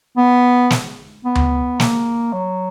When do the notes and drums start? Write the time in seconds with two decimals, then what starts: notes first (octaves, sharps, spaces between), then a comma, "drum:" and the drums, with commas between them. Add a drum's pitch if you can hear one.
0.17 B3
0.70 drum: snare
1.25 B3
1.35 drum: tom D2
1.80 A#3, drum: snare
2.33 F#3